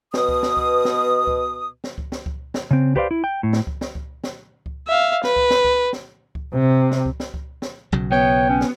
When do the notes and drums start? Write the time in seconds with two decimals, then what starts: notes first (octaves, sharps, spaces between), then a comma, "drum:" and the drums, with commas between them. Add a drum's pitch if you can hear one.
0.14 B2 D#6, drum: snare
0.29 drum: kick C#2
0.43 drum: snare
0.57 drum: kick C#2
0.85 drum: snare
1.27 drum: kick C#2
1.84 drum: snare
1.98 drum: kick C#2
2.12 drum: snare
2.26 drum: kick C#2
2.54 drum: snare
2.71 C#3 C4
2.96 G4 B4 C5 D5 F5, drum: kick C#2
3.11 E4
3.24 G5
3.43 A2
3.53 drum: snare
3.67 drum: kick C#2
3.81 drum: snare
3.95 drum: kick C#2
4.24 drum: snare
4.66 drum: kick C#2
4.87 E5 F5
5.23 B4, drum: snare
5.36 drum: kick C#2
5.50 drum: snare
5.65 drum: kick C#2
5.93 drum: snare
6.35 drum: kick C#2
6.54 C3
6.92 drum: snare
7.06 drum: kick C#2
7.20 drum: snare
7.34 drum: kick C#2
7.62 drum: snare
7.92 B1 C#3 F#3
8.12 B3 C#5 G5
8.50 C#4
8.61 drum: snare